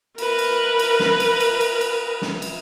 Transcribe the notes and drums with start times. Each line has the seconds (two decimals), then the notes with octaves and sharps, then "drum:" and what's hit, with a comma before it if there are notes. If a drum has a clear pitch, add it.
0.18 A#4 B4, drum: cymbal
0.39 drum: cymbal
0.79 drum: cymbal
1.00 drum: snare
1.20 drum: cymbal
1.40 drum: cymbal
1.61 drum: cymbal
1.81 drum: cymbal
2.22 drum: snare
2.42 drum: cymbal